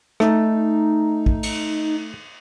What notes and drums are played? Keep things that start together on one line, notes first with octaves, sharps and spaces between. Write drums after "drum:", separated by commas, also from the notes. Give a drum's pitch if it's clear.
A3 D#4, drum: rim click
drum: kick
drum: cymbal